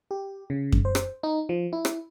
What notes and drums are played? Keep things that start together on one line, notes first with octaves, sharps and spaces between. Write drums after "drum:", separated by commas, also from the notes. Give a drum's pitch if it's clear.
G4
C#3
drum: kick F#2
C5
drum: rim click
D#4
F3
E4
drum: rim click